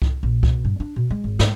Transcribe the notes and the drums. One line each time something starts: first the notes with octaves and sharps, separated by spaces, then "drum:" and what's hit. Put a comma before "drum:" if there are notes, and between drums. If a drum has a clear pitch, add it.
drum: kick C2
A#1
B2, drum: kick C2
G2
D4
B2
G#3
G#1
G#2, drum: snare